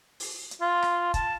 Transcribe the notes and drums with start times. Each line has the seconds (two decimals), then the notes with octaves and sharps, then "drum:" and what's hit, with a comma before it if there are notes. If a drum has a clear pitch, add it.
0.20 drum: open hi-hat
0.51 drum: hi-hat
0.61 F4
0.82 drum: rim click
1.14 A5, drum: kick, hi-hat